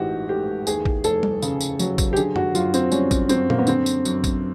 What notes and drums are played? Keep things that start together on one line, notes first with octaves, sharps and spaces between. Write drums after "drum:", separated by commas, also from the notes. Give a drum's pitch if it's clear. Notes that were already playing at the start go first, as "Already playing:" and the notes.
Already playing: A1 G#2 E3 F#4 G4
A3 G4
D#2 G#4, drum: tambourine
drum: kick A1
F1 A4, drum: tambourine
drum: tom G3
C#3, drum: tambourine
drum: tambourine
F#3, drum: tambourine
drum: kick A1, tambourine
G4
D3 G#4, drum: tambourine
F#4, drum: tom F#2
F#2 F4, drum: tambourine
C4, drum: tambourine
G3 C#4, drum: tambourine
drum: kick A1, tambourine
F#2 C4, drum: tambourine
A#3, drum: tom A#2
B3
D3 C4, drum: tambourine
drum: tambourine
F#2, drum: tambourine
drum: kick A1, tambourine